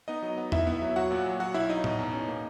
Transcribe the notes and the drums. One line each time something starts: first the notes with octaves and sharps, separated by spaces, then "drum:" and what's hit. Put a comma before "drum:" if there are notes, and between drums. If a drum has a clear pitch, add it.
B3 D#4 D#5
F#3
B3
B1 E4 E5, drum: tom E2
B3
F#3
F#3 F#4 F#5
A#2
F#3
F#3 F#4 F#5
B1 E4 E5
F#3 D#4 D#5
B2, drum: tom A2
E2
C#4
A#3